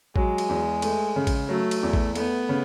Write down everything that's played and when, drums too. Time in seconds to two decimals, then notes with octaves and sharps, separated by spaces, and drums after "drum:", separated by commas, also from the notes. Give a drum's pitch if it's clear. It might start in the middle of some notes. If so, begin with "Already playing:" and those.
0.16 F#3 G#3, drum: kick A1
0.38 drum: cymbal
0.49 E2
0.82 A3, drum: cymbal
1.16 C#3
1.27 drum: kick A1, cymbal
1.49 F#3 A3
1.71 drum: cymbal
1.83 E2
1.94 drum: kick A1
2.15 A3 B3, drum: cymbal
2.49 C#3